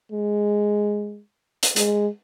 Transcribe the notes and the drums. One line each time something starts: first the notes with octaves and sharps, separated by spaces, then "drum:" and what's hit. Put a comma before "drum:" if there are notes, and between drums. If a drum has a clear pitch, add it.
G#3
drum: hi-hat
G#3, drum: hi-hat